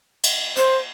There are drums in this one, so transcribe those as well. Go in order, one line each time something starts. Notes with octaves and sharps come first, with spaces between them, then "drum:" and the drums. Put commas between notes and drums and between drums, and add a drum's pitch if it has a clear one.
drum: cymbal
C5, drum: hi-hat